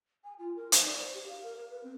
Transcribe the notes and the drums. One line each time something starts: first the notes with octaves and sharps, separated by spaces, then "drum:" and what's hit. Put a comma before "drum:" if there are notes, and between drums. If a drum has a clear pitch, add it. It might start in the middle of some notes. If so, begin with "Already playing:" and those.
G#5
F4
A#4
D#4, drum: hi-hat
D5
C5
G4
F5
A#4
A#4
B4
C4